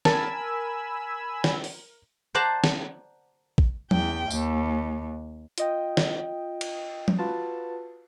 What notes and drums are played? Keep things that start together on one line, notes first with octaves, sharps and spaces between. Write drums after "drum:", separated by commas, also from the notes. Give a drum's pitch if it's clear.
A#4 G#5 A5 B5 E6, drum: snare
drum: snare
drum: open hi-hat
C5 D5 F#5 A5 A#5
drum: snare
drum: kick A#1
E2 G5, drum: tom F3
D#2, drum: tambourine
F4 D#5 G5, drum: hi-hat
drum: snare
drum: cymbal
drum: tom F3
F4 F#4 B4 A5